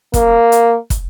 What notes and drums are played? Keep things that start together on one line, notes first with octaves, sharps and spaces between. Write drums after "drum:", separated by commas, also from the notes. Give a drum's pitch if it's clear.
A#3, drum: kick, hi-hat
drum: hi-hat
drum: kick, hi-hat